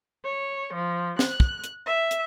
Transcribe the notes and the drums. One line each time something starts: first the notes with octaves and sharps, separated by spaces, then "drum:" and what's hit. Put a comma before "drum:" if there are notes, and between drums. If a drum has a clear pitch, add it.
C#5
F3
F#6, drum: snare
drum: kick
drum: hi-hat
E5
drum: hi-hat